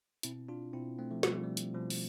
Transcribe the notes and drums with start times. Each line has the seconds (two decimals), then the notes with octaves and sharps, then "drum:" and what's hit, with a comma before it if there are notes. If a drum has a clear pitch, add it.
0.23 B2 C4 E4, drum: hi-hat
0.49 D4 F4
0.73 B2 C4 E4
0.99 A3 C4
1.11 F3 A3
1.23 B2 G3, drum: snare
1.33 F3
1.43 G3
1.57 drum: hi-hat
1.74 B2 F3
1.90 drum: open hi-hat